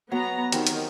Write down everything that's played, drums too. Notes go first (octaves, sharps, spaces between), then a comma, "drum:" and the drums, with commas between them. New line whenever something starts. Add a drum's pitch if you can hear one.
F#3 B3 A#5
D#3 F#3 C4 G4, drum: hi-hat
drum: hi-hat